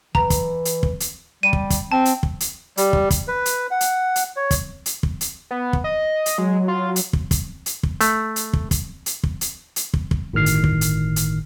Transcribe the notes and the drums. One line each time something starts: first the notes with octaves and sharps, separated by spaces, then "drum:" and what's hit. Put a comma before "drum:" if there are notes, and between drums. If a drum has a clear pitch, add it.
E3 A#5, drum: kick
drum: kick, hi-hat
drum: hi-hat
drum: kick
drum: hi-hat
G3 D#7
drum: kick
drum: kick, hi-hat
C4 A5
drum: hi-hat
drum: kick
drum: hi-hat
G3, drum: hi-hat
drum: kick
drum: kick, hi-hat
B4
drum: hi-hat
F#5
drum: hi-hat
drum: hi-hat
C#5
drum: kick, hi-hat
drum: hi-hat
drum: kick
drum: hi-hat
B3
drum: kick
D#5
drum: hi-hat
F#3 G#3
F4
drum: hi-hat
drum: kick
drum: kick, hi-hat
drum: hi-hat
drum: kick
A3, drum: hi-hat
drum: hi-hat
drum: kick
drum: kick, hi-hat
drum: hi-hat
drum: kick
drum: hi-hat
drum: hi-hat
drum: kick
drum: kick
G1 A2 D#3 F6 C7
drum: hi-hat
drum: kick
drum: hi-hat
drum: hi-hat